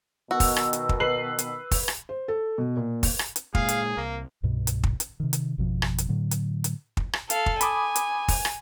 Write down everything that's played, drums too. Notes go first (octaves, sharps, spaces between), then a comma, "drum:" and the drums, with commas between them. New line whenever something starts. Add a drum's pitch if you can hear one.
B2 D#3 F#4 E6
drum: kick, open hi-hat
drum: rim click
drum: hi-hat
drum: kick
B4 C7 F#7
drum: hi-hat
drum: kick, open hi-hat
drum: rim click
C5
A4
B2
A#2
drum: kick, open hi-hat
drum: rim click
drum: hi-hat
A#2 G#3 G#4 F5, drum: kick
drum: hi-hat
C2 A#3
C2 G2 B2
drum: hi-hat
drum: kick
drum: hi-hat
C3 D#3
drum: hi-hat
G#1 F2 B2 F3
drum: rim click
drum: hi-hat
A2 D3 F#3
drum: hi-hat
drum: hi-hat
drum: kick
drum: rim click
A4 F5, drum: hi-hat
drum: kick
G#5 B5 D6 D#6, drum: hi-hat
drum: hi-hat
drum: kick, open hi-hat
drum: rim click